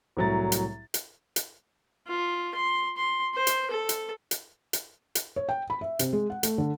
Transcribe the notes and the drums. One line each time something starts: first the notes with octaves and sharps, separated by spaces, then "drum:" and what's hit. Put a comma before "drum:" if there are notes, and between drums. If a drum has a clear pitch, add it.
C2 A2 F#3 A#5 A6
drum: hi-hat
drum: hi-hat
drum: hi-hat
F4
C6
C6
C5
drum: hi-hat
A4
drum: hi-hat
drum: hi-hat
drum: hi-hat
drum: hi-hat
C#5
G5
B5
E5
C3, drum: hi-hat
G#3
F#5
A3, drum: hi-hat
D3